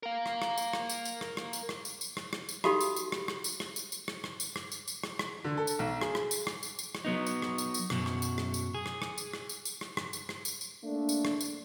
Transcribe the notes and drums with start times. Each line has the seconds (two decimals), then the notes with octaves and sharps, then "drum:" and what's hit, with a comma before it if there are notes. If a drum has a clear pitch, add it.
0.03 A#4 F5
0.26 drum: rim click
0.42 drum: rim click
0.58 drum: tambourine
0.73 drum: rim click
0.89 drum: tambourine
1.05 drum: tambourine
1.21 drum: rim click
1.37 drum: rim click
1.53 drum: tambourine
1.69 drum: rim click
1.85 drum: tambourine
2.01 drum: tambourine
2.17 drum: rim click
2.33 drum: rim click
2.49 drum: tambourine
2.64 D#4 F#4 G4 A4 F5 B5, drum: rim click
2.81 drum: tambourine
2.96 drum: tambourine
3.12 drum: rim click
3.28 drum: rim click
3.44 drum: tambourine
3.60 drum: rim click
3.76 drum: tambourine
3.92 drum: tambourine
4.08 drum: rim click
4.24 drum: rim click
4.40 drum: tambourine
4.56 drum: rim click
4.72 drum: tambourine
4.88 drum: tambourine
5.03 drum: rim click
5.19 drum: rim click
5.44 D3
5.57 A4
5.67 drum: tambourine
5.79 B1
6.01 G#4, drum: rim click
6.15 drum: rim click
6.31 drum: tambourine
6.47 drum: rim click
6.63 drum: tambourine
6.79 drum: tambourine
6.95 drum: rim click
7.05 F#3 B3 D#4
7.26 drum: tambourine
7.42 drum: rim click
7.58 drum: tambourine
7.74 drum: tambourine
7.90 F#2 B2 F#3, drum: rim click
8.06 drum: rim click
8.22 drum: tambourine
8.38 drum: rim click
8.54 drum: tambourine
8.74 G#4
8.86 drum: rim click
9.02 drum: rim click
9.18 drum: tambourine
9.34 drum: rim click
9.49 drum: tambourine
9.65 drum: tambourine
9.81 drum: rim click
9.97 drum: rim click
10.13 drum: tambourine
10.29 drum: rim click
10.45 drum: tambourine
10.61 drum: tambourine
10.84 A3 A#3 D4
11.09 drum: tambourine
11.25 drum: rim click
11.41 drum: tambourine